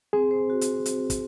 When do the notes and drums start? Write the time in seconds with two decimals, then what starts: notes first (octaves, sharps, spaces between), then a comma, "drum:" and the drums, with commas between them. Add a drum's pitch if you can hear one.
0.13 C4 G#4
0.31 C5
0.50 F#4
0.61 drum: hi-hat
0.86 drum: hi-hat
1.10 drum: kick, hi-hat